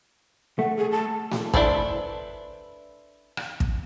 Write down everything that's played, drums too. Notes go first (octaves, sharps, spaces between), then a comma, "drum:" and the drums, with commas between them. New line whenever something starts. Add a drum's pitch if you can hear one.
A3 F#5
G#4
A5
drum: snare A3
D4 E4 A4 B4 C5, drum: kick
drum: rim click
drum: kick